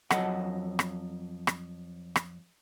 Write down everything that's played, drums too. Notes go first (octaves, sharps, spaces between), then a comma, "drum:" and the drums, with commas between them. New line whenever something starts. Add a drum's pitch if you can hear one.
F2 F#3 A4 D#5 F#5, drum: rim click
drum: rim click
drum: rim click
drum: rim click